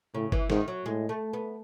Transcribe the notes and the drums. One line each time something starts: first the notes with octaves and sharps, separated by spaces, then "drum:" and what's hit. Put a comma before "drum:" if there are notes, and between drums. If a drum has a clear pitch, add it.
A2 C#3
E3, drum: kick G1
G#2 D#3, drum: snare
F#3
A2 G#3
A3
B3